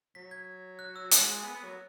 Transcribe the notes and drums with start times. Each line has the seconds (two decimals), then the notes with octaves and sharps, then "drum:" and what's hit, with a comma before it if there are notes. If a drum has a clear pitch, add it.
0.15 F#3 B6
0.31 G#6
0.79 F#6
0.96 E6
1.11 G#3 F#6, drum: hi-hat
1.43 B3
1.54 B3
1.64 F#3